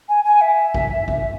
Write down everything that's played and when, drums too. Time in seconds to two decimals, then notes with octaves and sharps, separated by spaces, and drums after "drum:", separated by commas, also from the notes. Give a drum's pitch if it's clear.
0.08 G#5
0.24 G#5
0.41 E5
0.74 drum: kick G#1
1.08 drum: kick G#1